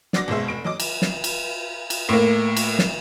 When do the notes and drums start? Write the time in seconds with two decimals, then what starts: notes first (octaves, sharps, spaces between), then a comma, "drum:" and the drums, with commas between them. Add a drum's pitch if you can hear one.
0.13 D4 F#4 D6 A#6, drum: snare
0.28 F#1 B2 G#3 C5 E5
0.48 F1 D7
0.64 F#3 D#5 D6
0.80 drum: cymbal
1.02 drum: snare
1.24 drum: cymbal
1.90 drum: cymbal
2.09 A2 A#3
2.57 drum: cymbal
2.79 drum: snare